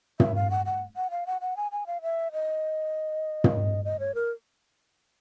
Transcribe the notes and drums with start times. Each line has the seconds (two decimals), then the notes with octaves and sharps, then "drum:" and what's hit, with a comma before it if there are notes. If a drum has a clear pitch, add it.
0.20 E5, drum: tom
0.35 F5
0.50 F#5
0.66 F#5
0.96 F#5
1.11 F5
1.27 F#5
1.41 F#5
1.57 G#5
1.72 G#5
1.87 F5
2.02 E5
2.33 D#5
3.44 drum: tom
3.85 D#5
4.00 C#5
4.15 A#4